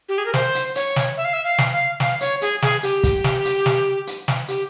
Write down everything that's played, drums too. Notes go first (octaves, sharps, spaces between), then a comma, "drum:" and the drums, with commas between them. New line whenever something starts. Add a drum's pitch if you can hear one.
G4
G#4
A#4
C5, drum: snare
drum: hi-hat
C#5, drum: hi-hat
drum: snare
E5
F5
E5
F5
drum: snare
F5
F5, drum: snare
C#5, drum: hi-hat
G#4, drum: hi-hat
G#4, drum: snare
G4, drum: hi-hat
drum: kick, hi-hat
drum: snare
drum: hi-hat
drum: snare
drum: hi-hat
drum: snare
G4, drum: hi-hat